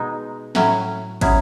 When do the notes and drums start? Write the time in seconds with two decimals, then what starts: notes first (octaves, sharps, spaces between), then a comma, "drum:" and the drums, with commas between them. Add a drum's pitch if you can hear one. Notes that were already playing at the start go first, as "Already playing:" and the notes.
Already playing: B2 G#3 D#4
0.55 A2 F#3 C#4 E4, drum: snare
1.21 F#3 C#4 E4 G#4, drum: kick, cymbal